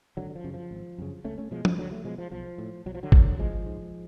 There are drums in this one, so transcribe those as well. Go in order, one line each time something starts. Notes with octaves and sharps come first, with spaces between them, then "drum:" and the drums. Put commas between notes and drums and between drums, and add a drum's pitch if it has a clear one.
G#1 D3 F#3
F#3
F3
F#2 C#3
F3
G#1
F#2 C#3
C#2 A3 C#4
A3 C#4
B2 F3 G#3
F3, drum: tom F3
C#2 D3 F#3
F#3 A3
B2 F3 G#3
F3
B1 F3
A2
B1 F#3
F3
D3 F#3
A2, drum: kick
A1 F3 G#3
G#2